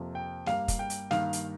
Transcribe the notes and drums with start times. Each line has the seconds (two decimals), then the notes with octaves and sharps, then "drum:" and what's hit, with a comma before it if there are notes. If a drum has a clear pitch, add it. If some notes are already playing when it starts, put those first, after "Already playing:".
Already playing: F2 C3 F3 A#3
0.15 G5
0.46 G2 G3 A#3 F5, drum: snare
0.68 drum: kick, hi-hat
0.79 G5
0.90 drum: hi-hat
1.11 G2 D#3 A#3 F5, drum: snare
1.33 drum: hi-hat